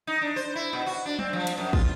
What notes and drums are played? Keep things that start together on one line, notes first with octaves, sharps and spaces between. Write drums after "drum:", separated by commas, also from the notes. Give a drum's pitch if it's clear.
D#4
D4
C5
E4
B2
F#4
D4
C4, drum: tom F#3
F3
drum: cymbal
F#2
F4, drum: kick